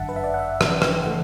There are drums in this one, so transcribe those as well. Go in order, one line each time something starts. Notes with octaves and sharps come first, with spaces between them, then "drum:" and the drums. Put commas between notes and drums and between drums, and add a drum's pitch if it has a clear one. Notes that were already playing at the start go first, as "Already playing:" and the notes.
Already playing: G1 F#2 D3 E5 F#5 A5
B4
E5
D5
F#5
E5
drum: rim click
drum: rim click
C#3 E3 A3 F#5